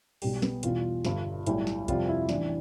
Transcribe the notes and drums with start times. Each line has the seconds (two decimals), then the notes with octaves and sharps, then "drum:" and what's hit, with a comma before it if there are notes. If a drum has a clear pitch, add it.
0.22 B1 B2 G3 G4, drum: open hi-hat
0.42 B3, drum: snare
0.63 E2 B2 G3 F4, drum: hi-hat
1.05 G1 G2 D3, drum: snare
1.47 B1 A2 G3, drum: hi-hat
1.67 drum: snare
1.88 F2 C3 G3 F4, drum: kick, hi-hat
2.08 E4
2.29 A1 A2 E3 G3 D4, drum: snare